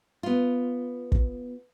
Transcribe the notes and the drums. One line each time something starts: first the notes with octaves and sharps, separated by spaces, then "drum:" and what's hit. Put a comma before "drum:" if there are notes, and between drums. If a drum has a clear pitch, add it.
B3 F4
drum: kick